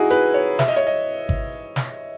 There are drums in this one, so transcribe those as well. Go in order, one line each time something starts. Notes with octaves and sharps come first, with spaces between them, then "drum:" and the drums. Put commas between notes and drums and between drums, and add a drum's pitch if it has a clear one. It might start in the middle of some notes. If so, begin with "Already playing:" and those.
Already playing: D#4 E4 F#4 G#4
B4
C#5
E5, drum: snare
D#5
C#5
D#5
drum: kick G#1
drum: snare